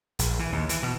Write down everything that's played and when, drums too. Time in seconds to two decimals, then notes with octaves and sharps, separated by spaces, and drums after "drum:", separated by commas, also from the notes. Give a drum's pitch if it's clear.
0.19 A#1, drum: hi-hat
0.39 E3
0.52 D#2
0.69 E3, drum: hi-hat
0.83 B2